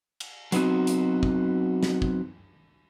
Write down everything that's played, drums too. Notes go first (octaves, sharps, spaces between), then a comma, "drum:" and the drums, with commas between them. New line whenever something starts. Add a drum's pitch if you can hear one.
drum: cymbal
F#3 B3 C4 D#4 F#4, drum: hi-hat
drum: hi-hat
drum: kick
drum: snare
drum: kick